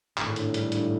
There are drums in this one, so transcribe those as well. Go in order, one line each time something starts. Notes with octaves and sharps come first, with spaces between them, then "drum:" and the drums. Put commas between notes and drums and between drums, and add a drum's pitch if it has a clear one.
G#1 A2, drum: clap
D3, drum: hi-hat
G3, drum: hi-hat
G2, drum: hi-hat